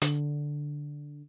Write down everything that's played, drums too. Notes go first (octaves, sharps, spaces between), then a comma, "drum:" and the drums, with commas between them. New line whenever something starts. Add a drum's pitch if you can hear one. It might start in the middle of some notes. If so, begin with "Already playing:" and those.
D3, drum: hi-hat